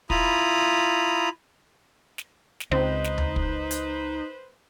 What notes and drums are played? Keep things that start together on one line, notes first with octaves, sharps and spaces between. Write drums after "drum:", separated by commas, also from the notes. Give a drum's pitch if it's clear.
E4 F4 A#5 B5 D#6, drum: kick
drum: snare
drum: snare
C#2 C4 D#4 B4 C5
drum: snare
drum: tom D2
drum: kick
drum: hi-hat